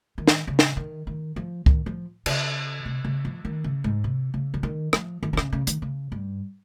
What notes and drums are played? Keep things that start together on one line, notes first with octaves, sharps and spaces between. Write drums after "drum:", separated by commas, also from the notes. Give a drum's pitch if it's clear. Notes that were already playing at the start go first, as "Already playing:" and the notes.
D#3
drum: snare
C#3
drum: snare
D#3
D#3
F3
D#3, drum: kick C#2
F3
C#3, drum: cymbal
C3
C#3
F3
D#3
C#3
G#2
C3
C#3
F3
D#3
F3, drum: rim click
D#3
C3
C#3, drum: rim click
C#3
D#3, drum: hi-hat
C#3
G2